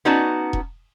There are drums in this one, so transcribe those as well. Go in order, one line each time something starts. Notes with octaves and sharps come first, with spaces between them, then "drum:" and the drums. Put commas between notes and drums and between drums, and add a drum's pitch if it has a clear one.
B3 C#4 D#4 F#4 D5 A5
drum: kick E1